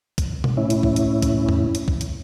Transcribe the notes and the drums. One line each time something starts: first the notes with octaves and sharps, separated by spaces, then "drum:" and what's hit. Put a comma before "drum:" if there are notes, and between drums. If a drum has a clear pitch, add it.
drum: kick, hi-hat
drum: tom B2
A2 C#4 E4
drum: hi-hat
drum: kick
drum: hi-hat
drum: kick, hi-hat
drum: tom E2
drum: hi-hat
drum: kick
drum: hi-hat